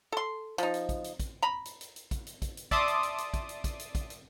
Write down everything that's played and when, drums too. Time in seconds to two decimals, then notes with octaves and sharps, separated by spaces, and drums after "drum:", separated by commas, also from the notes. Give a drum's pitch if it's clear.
0.12 A4 C6
0.58 F3 D#4, drum: hi-hat
0.74 drum: hi-hat
0.89 drum: kick, hi-hat
1.04 drum: hi-hat
1.19 drum: kick, hi-hat
1.42 A#5 B5
1.65 drum: hi-hat
1.81 drum: hi-hat
1.96 drum: hi-hat
2.11 drum: kick, hi-hat
2.27 drum: hi-hat
2.42 drum: kick, hi-hat
2.57 drum: hi-hat
2.71 D5 E5 A5 C6 D6 D#6, drum: kick, hi-hat
2.88 drum: hi-hat
3.03 drum: hi-hat
3.18 drum: hi-hat
3.34 drum: kick, hi-hat
3.49 drum: hi-hat
3.64 drum: kick, hi-hat
3.79 drum: hi-hat
3.95 drum: kick, hi-hat
4.10 drum: hi-hat